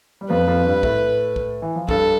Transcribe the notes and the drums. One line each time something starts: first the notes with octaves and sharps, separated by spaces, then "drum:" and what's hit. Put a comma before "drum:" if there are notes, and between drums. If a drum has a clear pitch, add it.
G3
F2 F3 B4
F2 F3
G2 G3
A2 A3, drum: kick
drum: kick
E3
F3
G2 G3 A4, drum: kick